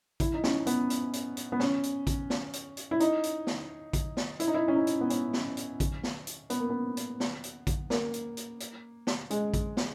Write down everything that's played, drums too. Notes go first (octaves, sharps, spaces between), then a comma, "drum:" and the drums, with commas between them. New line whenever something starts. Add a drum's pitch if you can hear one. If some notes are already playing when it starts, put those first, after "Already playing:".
E4, drum: kick A1, hi-hat
D#4
C#4, drum: snare
B3, drum: hi-hat
drum: hi-hat
drum: hi-hat
drum: hi-hat
B3
C#4, drum: snare
drum: hi-hat
drum: kick A1, hi-hat
drum: snare
drum: hi-hat
drum: hi-hat
E4
D#4, drum: hi-hat
drum: hi-hat
drum: snare
drum: kick A1, hi-hat
drum: snare
E4, drum: hi-hat
D#4
E4
C#4
D#4
drum: hi-hat
B3
C#4, drum: hi-hat
drum: snare
drum: hi-hat
drum: kick A1, hi-hat
drum: snare
drum: hi-hat
B3, drum: hi-hat
A#3
B3
drum: hi-hat
drum: snare
drum: hi-hat
drum: kick A1, hi-hat
A#3, drum: snare
drum: hi-hat
drum: hi-hat
drum: hi-hat
drum: snare
G#3, drum: hi-hat
drum: kick A1, hi-hat
drum: snare